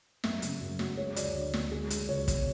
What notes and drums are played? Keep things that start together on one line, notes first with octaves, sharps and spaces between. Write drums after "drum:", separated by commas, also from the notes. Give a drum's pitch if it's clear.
F#2 E5, drum: snare
C#3, drum: hi-hat
F#2
F#3, drum: snare
G#3 C#5
D2 D5, drum: hi-hat
D3
D2, drum: snare
G#3
G#3, drum: hi-hat
C#2 C#5
B2, drum: kick, hi-hat